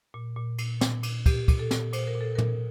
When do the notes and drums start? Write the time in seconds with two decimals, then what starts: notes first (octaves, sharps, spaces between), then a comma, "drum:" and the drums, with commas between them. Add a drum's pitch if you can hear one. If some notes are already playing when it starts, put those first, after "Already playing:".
0.14 A#2
0.37 A#2
0.58 A#2, drum: cymbal
0.81 A#2, drum: snare
1.03 A#2, drum: cymbal
1.26 A#2 G4, drum: kick, cymbal
1.48 A#2, drum: kick, cymbal
1.59 A4
1.71 A#2, drum: snare
1.93 A#2 C5, drum: cymbal
2.07 A#4
2.15 A#2
2.21 A4
2.35 A#4
2.38 A#2, drum: tom